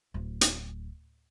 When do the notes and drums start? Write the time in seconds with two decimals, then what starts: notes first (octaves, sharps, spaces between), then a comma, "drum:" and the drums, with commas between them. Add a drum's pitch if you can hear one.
0.14 D1
0.41 drum: hi-hat